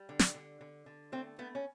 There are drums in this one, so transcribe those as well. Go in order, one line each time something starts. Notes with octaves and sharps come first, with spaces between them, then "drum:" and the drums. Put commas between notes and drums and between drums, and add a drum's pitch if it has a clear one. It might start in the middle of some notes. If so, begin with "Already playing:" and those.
Already playing: G3
D3
drum: snare
D3
D3
D3
A3 C4
A3 B3
C#4